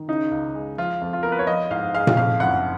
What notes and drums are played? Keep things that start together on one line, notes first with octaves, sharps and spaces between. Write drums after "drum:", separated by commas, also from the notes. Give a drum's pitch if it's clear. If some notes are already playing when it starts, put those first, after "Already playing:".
Already playing: D#3
C#3 D#4
C#2
G#3
F3 F4
F2
F4
B3 A#4
B4
C#5
F3 D#5
G#2 F5
G#3 F5
drum: tom A#2
F2 F5
F#1 F#5